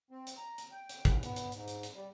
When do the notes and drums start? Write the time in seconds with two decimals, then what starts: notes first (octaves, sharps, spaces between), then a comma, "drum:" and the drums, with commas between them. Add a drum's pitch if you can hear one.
0.11 C4
0.27 drum: hi-hat
0.37 A#5
0.58 drum: hi-hat
0.72 G5
0.89 drum: hi-hat
1.05 drum: kick, hi-hat
1.23 B3, drum: hi-hat
1.36 drum: hi-hat
1.52 G#2, drum: hi-hat
1.68 drum: hi-hat
1.83 drum: hi-hat
1.94 G3